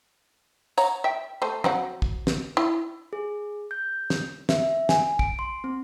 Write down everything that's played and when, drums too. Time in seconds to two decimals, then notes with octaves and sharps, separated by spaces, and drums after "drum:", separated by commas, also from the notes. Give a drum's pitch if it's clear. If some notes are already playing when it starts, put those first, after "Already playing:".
0.78 C#5 F#5 A#5, drum: tambourine
1.04 E5 G5
1.42 A3 C5
1.64 F#3 C4 F#5, drum: tom
2.02 drum: kick
2.27 drum: snare
2.57 E4
3.13 G#4
3.71 G6
4.10 drum: snare
4.49 E5, drum: snare
4.89 G#5, drum: snare
5.19 D7, drum: kick
5.39 C6
5.64 C4